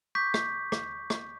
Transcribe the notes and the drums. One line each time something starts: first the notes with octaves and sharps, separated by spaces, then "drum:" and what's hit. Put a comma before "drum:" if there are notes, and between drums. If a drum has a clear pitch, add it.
C#6 D6 G6 B6
drum: rim click
drum: rim click
drum: rim click